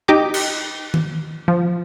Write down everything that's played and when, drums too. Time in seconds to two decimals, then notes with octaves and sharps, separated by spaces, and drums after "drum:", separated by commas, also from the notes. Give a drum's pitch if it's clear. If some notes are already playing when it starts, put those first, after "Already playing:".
0.08 D#4 G4 D#5 D6
0.34 drum: cymbal
0.94 drum: tom D#3
1.48 F3